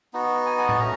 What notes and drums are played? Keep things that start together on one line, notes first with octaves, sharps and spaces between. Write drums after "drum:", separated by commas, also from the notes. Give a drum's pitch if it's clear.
B3 D#4 F#4
G#5
G#5
A5, drum: tom A2
A3 C#4 A#5